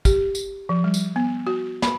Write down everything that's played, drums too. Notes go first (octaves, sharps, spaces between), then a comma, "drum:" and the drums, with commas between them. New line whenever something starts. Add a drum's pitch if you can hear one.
G4, drum: kick, tambourine
drum: tambourine
F3
G3
drum: tambourine
B3
F#4
B5, drum: snare